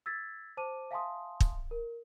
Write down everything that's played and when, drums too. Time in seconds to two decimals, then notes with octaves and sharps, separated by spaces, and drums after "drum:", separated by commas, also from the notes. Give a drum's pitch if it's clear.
0.06 E6 G#6 A6 B6
0.57 C5 A5 D6 D#7
0.91 E5 F5 G#5 A5 C6 D#6
1.40 drum: kick
1.71 A#4